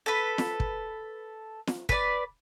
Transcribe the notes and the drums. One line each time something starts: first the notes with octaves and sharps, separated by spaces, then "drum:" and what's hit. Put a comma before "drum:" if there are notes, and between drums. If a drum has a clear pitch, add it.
A4 B4
drum: snare
drum: kick
drum: snare
B4 D5, drum: kick